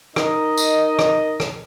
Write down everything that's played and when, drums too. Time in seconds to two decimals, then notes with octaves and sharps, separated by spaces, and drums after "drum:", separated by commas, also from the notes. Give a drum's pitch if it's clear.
0.16 D#4 A#4 D#5, drum: rim click
0.58 drum: tambourine
0.99 drum: rim click
1.40 drum: rim click